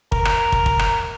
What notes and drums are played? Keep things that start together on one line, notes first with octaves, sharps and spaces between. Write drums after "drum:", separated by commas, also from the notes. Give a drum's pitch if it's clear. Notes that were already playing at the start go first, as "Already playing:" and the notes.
A#4, drum: kick
drum: rim click
drum: kick
drum: kick
drum: rim click